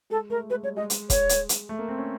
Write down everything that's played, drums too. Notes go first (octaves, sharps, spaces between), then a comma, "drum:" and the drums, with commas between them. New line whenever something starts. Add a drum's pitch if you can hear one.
G#3 A4
A3 A#4
G#3 B4
G3 C#5
G#3 D#5
drum: hi-hat
C#5, drum: kick, hi-hat
drum: hi-hat
drum: hi-hat
A3
A#3
C4
C#4